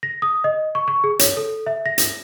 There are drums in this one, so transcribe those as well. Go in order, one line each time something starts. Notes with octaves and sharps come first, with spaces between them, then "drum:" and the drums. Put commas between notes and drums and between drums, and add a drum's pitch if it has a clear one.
A#6
D#6
D#5
C#6
C#6
G#4
C#5, drum: hi-hat
A4
E5
A#6
drum: hi-hat